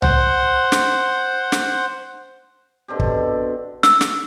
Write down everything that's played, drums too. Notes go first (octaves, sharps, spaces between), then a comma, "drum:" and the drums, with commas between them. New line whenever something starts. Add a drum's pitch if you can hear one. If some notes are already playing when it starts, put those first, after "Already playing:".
C5 F#5, drum: tom C2
drum: snare
drum: snare
B2 D3 C4 G4
drum: kick
E6, drum: snare
drum: snare